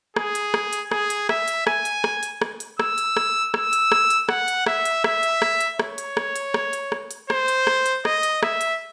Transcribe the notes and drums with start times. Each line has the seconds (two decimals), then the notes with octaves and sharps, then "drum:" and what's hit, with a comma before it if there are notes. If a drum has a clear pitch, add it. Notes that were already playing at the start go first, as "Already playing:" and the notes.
0.16 G#4, drum: rim click
0.35 drum: hi-hat
0.54 drum: rim click
0.73 drum: hi-hat
0.91 G#4, drum: rim click
1.10 drum: hi-hat
1.29 E5, drum: rim click
1.48 drum: hi-hat
1.67 G#5, drum: rim click
1.85 drum: hi-hat
2.04 drum: rim click
2.23 drum: hi-hat
2.41 drum: rim click
2.60 drum: hi-hat
2.80 E6, drum: rim click
2.98 drum: hi-hat
3.17 drum: rim click
3.54 E6, drum: rim click
3.73 drum: hi-hat
3.92 drum: rim click
4.10 drum: hi-hat
4.29 F#5, drum: rim click
4.48 drum: hi-hat
4.66 E5, drum: rim click
4.85 drum: hi-hat
5.04 E5, drum: rim click
5.23 drum: hi-hat
5.42 drum: rim click
5.60 drum: hi-hat
5.79 C#5, drum: rim click
5.98 drum: hi-hat
6.17 drum: rim click
6.36 drum: hi-hat
6.54 drum: rim click
6.73 drum: hi-hat
6.92 drum: rim click
7.11 drum: hi-hat
7.30 C5, drum: rim click
7.48 drum: hi-hat
7.67 drum: rim click
7.86 drum: hi-hat
8.05 D#5, drum: rim click
8.23 drum: hi-hat
8.43 E5, drum: rim click
8.61 drum: hi-hat